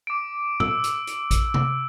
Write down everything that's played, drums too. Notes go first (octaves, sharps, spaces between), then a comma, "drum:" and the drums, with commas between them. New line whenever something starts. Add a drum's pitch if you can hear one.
D6 D7
E6, drum: tom A#2
drum: hi-hat
drum: hi-hat
drum: kick A1, hi-hat
drum: tom C3